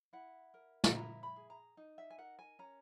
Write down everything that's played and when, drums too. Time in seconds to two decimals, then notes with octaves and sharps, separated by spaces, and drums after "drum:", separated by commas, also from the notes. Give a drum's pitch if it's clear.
0.13 E4 F#5
0.54 A#4
0.84 drum: snare
0.95 E4 A#5
1.23 B5
1.36 G#4
1.50 A#5
1.77 D#4
1.98 E5
2.10 G#5
2.18 A#4 F#5
2.39 G#5
2.59 C#4 A#5